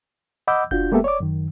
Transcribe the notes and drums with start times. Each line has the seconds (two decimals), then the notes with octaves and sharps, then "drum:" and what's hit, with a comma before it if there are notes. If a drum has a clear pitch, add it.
0.48 D#5 F#5 B5 D6 E6 G6
0.71 D4 F4 F#4 G6, drum: kick F1
0.92 G#3 A#3 B3 G4 A4 E5
1.04 C#5 D5 D6
1.20 F#2 D#3